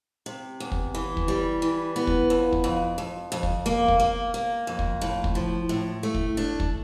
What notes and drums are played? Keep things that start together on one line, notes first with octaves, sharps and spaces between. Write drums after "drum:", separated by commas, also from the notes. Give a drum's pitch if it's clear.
C3
E2
drum: kick
E3
drum: kick
G3
E3
B3
drum: kick
F2
drum: kick
F2
F2
F2
drum: kick
A#3
drum: kick
A#3
A#3
F2
drum: kick
A2
drum: kick
F3
A2
A3
drum: kick
D4
drum: kick